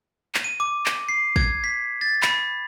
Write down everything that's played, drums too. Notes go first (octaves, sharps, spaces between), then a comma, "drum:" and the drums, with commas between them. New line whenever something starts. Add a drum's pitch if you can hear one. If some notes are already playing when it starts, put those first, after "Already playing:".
drum: clap
D#7
D6
drum: clap
C7
G#6, drum: kick
B6
A6
B5, drum: clap